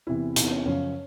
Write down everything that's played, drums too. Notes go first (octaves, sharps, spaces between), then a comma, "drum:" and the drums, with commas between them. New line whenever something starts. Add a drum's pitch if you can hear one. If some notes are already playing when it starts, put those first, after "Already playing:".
E2 C3 E3 E4
E2 C3 E3 D#4, drum: hi-hat
C#4
F#2 C#3 F3 C#4